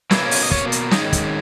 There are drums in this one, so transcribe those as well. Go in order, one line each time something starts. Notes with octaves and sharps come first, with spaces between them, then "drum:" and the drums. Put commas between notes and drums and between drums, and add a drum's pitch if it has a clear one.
B2 E3 A#3 C#4 E4, drum: snare
drum: open hi-hat
D#5
C#4 C#5, drum: kick
drum: hi-hat
D#3 G#3 C#4 D#4 D#5, drum: snare
drum: kick, hi-hat